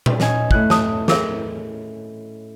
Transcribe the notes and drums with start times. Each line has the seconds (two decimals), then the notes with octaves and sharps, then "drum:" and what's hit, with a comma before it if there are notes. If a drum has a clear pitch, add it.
0.06 drum: tom A#2
0.20 C#4 D#4 G#5, drum: snare
0.51 A2 E4 F#6, drum: kick
0.70 A5 D#6, drum: snare
1.08 G#4 A#4 E5, drum: snare